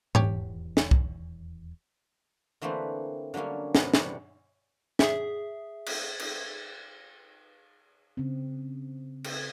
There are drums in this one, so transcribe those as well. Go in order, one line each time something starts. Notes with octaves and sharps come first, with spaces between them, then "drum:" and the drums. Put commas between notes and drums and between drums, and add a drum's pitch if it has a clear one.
D#1 E2 G4 C#5, drum: tom G#2
drum: snare
drum: kick C2
D3 E3 A3 A#3 C4 B4
D3 F#3 G3 A#3 C#4
C3 F#3 B3 A#4, drum: snare
E2 C3 G3 C#5 D5 F#5, drum: snare
G#4 E5, drum: snare
drum: cymbal
drum: cymbal
C#3 C4
drum: cymbal